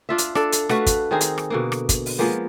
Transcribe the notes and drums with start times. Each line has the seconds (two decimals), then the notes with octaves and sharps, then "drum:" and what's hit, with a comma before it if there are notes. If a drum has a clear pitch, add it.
0.09 D4 F4 E5
0.18 drum: hi-hat
0.35 D4 A4, drum: rim click
0.52 drum: hi-hat
0.69 A3 F#4 B4 F5, drum: rim click
0.86 drum: kick, hi-hat
1.11 D#3 C4 D#4 G#4
1.21 drum: hi-hat
1.38 drum: rim click
1.50 B2 D3 A#3
1.72 drum: rim click
1.89 drum: kick, hi-hat
2.06 drum: open hi-hat
2.19 F3 G#3 A#3 B3